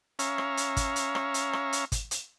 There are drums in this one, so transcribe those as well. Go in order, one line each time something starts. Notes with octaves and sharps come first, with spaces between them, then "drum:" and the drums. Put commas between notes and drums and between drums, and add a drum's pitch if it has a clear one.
C#4 C#5 E5 F5 A#5, drum: hi-hat
drum: rim click
drum: hi-hat
drum: kick, hi-hat
drum: hi-hat
drum: rim click
drum: hi-hat
drum: rim click
drum: hi-hat
drum: kick, hi-hat
drum: hi-hat